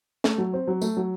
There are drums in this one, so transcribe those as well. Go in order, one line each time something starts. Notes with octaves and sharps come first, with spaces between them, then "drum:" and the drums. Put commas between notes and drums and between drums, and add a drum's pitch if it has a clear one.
A3, drum: snare
F#3
C4
F#3
A3, drum: tambourine
F#3